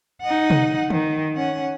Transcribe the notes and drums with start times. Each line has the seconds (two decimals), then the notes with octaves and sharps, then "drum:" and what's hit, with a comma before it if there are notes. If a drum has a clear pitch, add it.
0.22 D#4 F#5
0.50 drum: tom
0.90 D#3, drum: tom
1.36 C#4 F#5